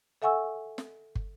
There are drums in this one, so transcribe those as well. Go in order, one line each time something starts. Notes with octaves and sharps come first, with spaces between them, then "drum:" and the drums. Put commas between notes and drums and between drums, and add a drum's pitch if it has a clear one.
A4 E5 F#5 G#5 C#6 E6
drum: snare
drum: kick